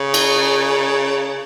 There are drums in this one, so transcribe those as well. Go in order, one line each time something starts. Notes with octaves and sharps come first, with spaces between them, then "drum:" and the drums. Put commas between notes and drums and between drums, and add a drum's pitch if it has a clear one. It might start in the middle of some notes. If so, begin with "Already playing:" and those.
Already playing: C#3
drum: cymbal